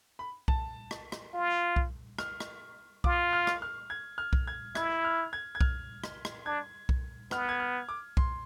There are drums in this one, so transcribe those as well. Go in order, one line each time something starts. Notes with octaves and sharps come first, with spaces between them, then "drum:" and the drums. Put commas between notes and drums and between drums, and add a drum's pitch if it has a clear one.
B5
A5, drum: kick B1
drum: rim click
drum: rim click
F4
drum: kick B1
F6, drum: rim click
drum: rim click
F4 D6, drum: kick B1
F6
drum: rim click
F6
G#6
F6
drum: kick B1
G#6
E4 G#6, drum: rim click
F6
G#6
G#6
F6, drum: kick B1
drum: rim click
drum: rim click
D4 G#6
drum: kick B1
B3 F6, drum: rim click
G#6
F6
D6
C6, drum: kick B1